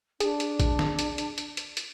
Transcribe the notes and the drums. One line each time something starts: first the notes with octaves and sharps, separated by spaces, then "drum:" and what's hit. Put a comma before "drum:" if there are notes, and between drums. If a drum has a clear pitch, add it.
D4 G#4, drum: hi-hat
drum: hi-hat
drum: kick, hi-hat
drum: snare
drum: hi-hat
drum: hi-hat
drum: hi-hat
drum: hi-hat
drum: hi-hat